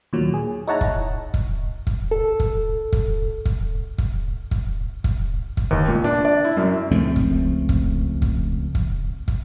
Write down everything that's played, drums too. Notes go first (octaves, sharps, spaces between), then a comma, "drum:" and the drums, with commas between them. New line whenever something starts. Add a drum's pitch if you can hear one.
D#2 A#2 F#3
G#4
D#4 E4 C#5 F#5 A5 A#5
drum: kick
drum: kick
drum: kick
A4
drum: kick
drum: kick
drum: kick
drum: kick
drum: kick
drum: kick
drum: kick
D#2
A#2
D4
D5
E4
F#2
C#2 F3 A3 C4
drum: kick
drum: kick
drum: kick
drum: kick
drum: kick